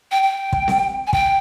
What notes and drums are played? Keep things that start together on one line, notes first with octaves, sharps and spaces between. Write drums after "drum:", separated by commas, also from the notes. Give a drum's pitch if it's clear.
G5
G5
drum: kick
drum: snare C4
G#5
G5, drum: kick